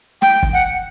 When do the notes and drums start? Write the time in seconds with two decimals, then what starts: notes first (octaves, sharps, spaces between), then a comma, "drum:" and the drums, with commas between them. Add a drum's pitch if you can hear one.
0.22 G5, drum: snare
0.43 drum: kick
0.53 F#5